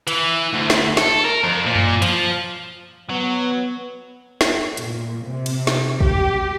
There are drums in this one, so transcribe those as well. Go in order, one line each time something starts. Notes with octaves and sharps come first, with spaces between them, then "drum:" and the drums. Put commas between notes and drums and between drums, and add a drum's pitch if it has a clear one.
E3, drum: hi-hat
D2
drum: snare
A4, drum: snare
A#4
F2
A#2
drum: tom F#2
F3, drum: hi-hat
F#3 B3
drum: snare
A#2, drum: hi-hat
C3
drum: cymbal
drum: snare
G4, drum: kick